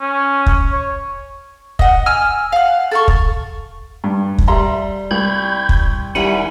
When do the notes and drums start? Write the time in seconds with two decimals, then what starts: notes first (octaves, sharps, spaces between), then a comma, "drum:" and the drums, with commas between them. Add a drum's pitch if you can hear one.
0.01 C#4
0.46 drum: kick
0.72 C#5
1.79 D#5 F#5, drum: kick
2.06 G#5 E6 F6
2.52 F5 F#5
2.91 A4 F5 C#6
3.08 drum: kick
4.04 G2
4.38 drum: kick
4.48 G3 E5 A#5 C6
5.11 C2 B5 G6 G#6
5.69 drum: kick
6.15 D#3 G3 E4 F#5 G#5 B5